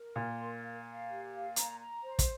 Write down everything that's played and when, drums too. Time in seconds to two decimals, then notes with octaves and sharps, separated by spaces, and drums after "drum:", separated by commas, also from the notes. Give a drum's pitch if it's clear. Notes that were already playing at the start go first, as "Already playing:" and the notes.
Already playing: A#4
0.16 A#2 C6
0.39 A#4
0.63 F5
0.86 F5
1.10 G4
1.33 F5
1.56 A#5, drum: hi-hat
1.80 A#5
2.03 C5
2.19 drum: kick, hi-hat